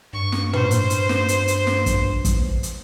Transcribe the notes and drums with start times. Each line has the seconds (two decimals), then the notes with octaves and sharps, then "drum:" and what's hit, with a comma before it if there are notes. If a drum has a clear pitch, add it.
0.13 G2 C#6
0.32 drum: snare
0.53 B4 C5, drum: tom
0.71 drum: hi-hat
0.90 drum: hi-hat
1.09 drum: snare
1.28 drum: hi-hat
1.48 drum: hi-hat
1.67 drum: snare
1.86 drum: kick, hi-hat
2.25 drum: kick, hi-hat
2.63 drum: hi-hat